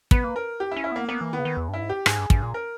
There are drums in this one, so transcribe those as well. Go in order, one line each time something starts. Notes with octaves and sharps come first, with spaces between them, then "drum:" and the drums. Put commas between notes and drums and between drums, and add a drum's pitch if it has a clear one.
B3 B4, drum: kick
A#3
A#4
G4
E4
C#4
E4
A#3 B3
A#3 B3
E3
D#3 B3
C#3
D#3
E2
G2 E4
G#2
G4
G#2 G#4, drum: rim click
G2
G2, drum: kick
A#2
A#4